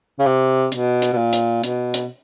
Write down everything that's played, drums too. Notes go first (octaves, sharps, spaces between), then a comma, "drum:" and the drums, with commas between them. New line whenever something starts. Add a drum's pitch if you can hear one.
C#3
C3
B2, drum: hi-hat
drum: hi-hat
B2
A#2
drum: hi-hat
B2, drum: hi-hat
drum: hi-hat